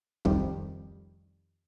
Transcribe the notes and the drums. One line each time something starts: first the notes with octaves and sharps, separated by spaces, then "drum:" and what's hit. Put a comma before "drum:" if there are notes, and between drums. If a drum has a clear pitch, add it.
F2 D#3 G3, drum: kick